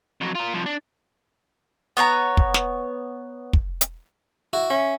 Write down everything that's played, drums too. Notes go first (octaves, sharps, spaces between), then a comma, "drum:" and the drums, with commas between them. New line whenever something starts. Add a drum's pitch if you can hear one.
F2 F#3
F4 A#4
C2 F3
D4
B3 C#5 G5 A#5
drum: kick
drum: snare
drum: kick
drum: hi-hat
E4 F#4
C#4 E5